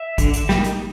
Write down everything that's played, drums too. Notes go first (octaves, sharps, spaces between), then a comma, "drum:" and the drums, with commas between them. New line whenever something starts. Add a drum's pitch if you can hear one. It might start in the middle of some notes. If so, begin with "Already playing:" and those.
Already playing: E5
D3, drum: kick A1, hi-hat
drum: hi-hat
G3 A#3 D#4, drum: snare
drum: hi-hat